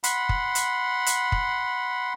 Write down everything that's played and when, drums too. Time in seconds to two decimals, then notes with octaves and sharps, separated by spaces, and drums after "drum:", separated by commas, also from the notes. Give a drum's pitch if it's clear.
0.04 F#5 B5 C6, drum: hi-hat
0.29 drum: kick
0.55 drum: hi-hat
1.06 drum: hi-hat
1.32 drum: kick